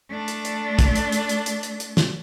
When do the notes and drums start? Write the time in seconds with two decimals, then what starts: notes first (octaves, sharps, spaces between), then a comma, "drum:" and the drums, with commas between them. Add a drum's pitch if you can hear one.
0.11 A3 D4
0.28 drum: hi-hat
0.45 drum: hi-hat
0.79 drum: kick, hi-hat
0.96 drum: hi-hat
1.12 drum: hi-hat
1.29 drum: hi-hat
1.46 drum: hi-hat
1.63 drum: hi-hat
1.80 drum: hi-hat
1.97 drum: snare